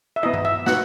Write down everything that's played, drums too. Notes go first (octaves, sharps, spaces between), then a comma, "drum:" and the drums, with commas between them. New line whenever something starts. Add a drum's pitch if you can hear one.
E5
B3 E4 D#5
drum: tom G2
E5
B3 D#4 F#4 F#5, drum: snare